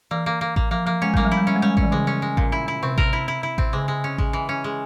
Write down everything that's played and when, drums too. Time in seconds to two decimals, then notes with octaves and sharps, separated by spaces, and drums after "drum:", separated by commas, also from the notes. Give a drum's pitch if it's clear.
0.11 E3 A#3
0.26 A#3
0.41 A#3
0.56 A#3, drum: kick A1
0.71 F3 A#3
0.86 F3 A#3
1.02 G#3 C#4
1.14 G3 A#3, drum: kick A1
1.25 F3
1.31 E4
1.37 G3
1.47 C#4
1.56 G#3
1.62 G3 C#4
1.77 C#4, drum: kick A1
1.83 E3
1.92 C#3 G#3
2.07 C#4
2.22 G#3
2.37 A#2, drum: kick A1
2.52 E4
2.68 E4
2.83 C3 C4
2.98 A#4, drum: kick A1
3.13 E4
3.28 E4
3.43 E4
3.58 C4, drum: kick A1
3.73 C#3 G#3
3.88 G#3
4.04 C#4
4.18 G#3, drum: kick A1
4.33 E3
4.49 C#4
4.64 G#3